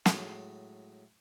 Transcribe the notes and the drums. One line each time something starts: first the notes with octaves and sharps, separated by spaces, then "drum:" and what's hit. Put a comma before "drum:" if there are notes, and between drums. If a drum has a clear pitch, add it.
A2 F#3 G#3, drum: snare